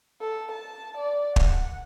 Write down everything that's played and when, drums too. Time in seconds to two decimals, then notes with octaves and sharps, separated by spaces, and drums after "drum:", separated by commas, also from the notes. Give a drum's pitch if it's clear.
0.21 A4
0.52 A5
0.98 D5
1.36 F#5, drum: kick